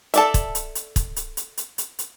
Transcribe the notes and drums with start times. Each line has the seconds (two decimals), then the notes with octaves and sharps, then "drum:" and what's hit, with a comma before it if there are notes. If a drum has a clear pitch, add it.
0.14 A4 D5 E5, drum: hi-hat
0.34 drum: kick, hi-hat
0.55 drum: hi-hat
0.75 drum: hi-hat
0.96 drum: kick, hi-hat
1.16 drum: hi-hat
1.37 drum: hi-hat
1.57 drum: hi-hat
1.78 drum: hi-hat
1.99 drum: hi-hat